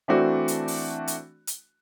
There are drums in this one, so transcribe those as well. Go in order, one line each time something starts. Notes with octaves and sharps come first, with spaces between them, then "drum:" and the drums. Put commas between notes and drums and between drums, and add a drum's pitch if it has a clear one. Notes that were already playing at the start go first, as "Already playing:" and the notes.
E3 A3 C4 D4 F#4
drum: hi-hat
drum: open hi-hat
drum: hi-hat
drum: hi-hat